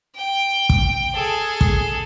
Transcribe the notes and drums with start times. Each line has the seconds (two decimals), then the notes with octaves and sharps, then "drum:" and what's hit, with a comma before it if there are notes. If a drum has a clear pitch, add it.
0.16 G5
0.69 drum: kick
1.15 G#4 A4
1.61 drum: kick